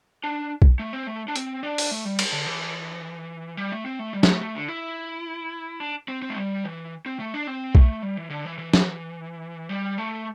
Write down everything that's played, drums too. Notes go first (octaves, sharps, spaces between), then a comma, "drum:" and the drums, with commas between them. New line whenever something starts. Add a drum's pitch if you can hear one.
D4
drum: kick B1
A3
C4
A3
D4
C4, drum: hi-hat
D4
drum: open hi-hat
A3
G3
drum: cymbal
D3
E3
G3
A3
C4
A3
G3
G3, drum: snare
A3
A3
D3
E4
D4
C4
C4
A3
G3
E3
C4
A3
D4
C4
A3, drum: kick B1
G3
E3
D3
E3
E3
drum: snare
G3
A3